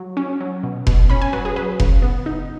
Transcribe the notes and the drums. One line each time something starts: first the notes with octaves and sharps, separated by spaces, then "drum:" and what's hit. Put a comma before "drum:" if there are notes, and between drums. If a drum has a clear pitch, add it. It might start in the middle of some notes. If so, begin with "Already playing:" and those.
Already playing: F#3
C#4
F#3
B2
B2, drum: kick F1
C#4 B5
G#5
F#3 B4
G#4
F#3 B4
C#3, drum: kick F1
B3
D#4